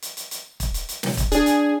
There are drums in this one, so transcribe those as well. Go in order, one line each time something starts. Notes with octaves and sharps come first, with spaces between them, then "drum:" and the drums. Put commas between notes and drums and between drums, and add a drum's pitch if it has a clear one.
drum: hi-hat
drum: hi-hat
drum: hi-hat
drum: kick, hi-hat
drum: hi-hat
drum: hi-hat
drum: snare
drum: kick, hi-hat
D4 G#4, drum: hi-hat
drum: hi-hat